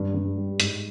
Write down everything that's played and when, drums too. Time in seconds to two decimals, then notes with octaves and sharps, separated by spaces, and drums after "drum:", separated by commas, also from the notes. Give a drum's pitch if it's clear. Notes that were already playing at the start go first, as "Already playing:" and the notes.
Already playing: G2
0.14 G2
0.37 G3
0.60 G#2, drum: hi-hat